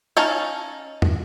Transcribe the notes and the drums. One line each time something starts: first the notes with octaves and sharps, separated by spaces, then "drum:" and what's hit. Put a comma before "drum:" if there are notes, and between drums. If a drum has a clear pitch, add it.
C#4 D#4 F5 A5
drum: tom